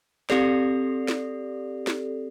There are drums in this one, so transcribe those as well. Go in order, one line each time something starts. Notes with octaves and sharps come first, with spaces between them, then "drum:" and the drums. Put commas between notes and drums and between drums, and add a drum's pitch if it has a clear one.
C4 G4 A4 D5, drum: snare
drum: snare
drum: snare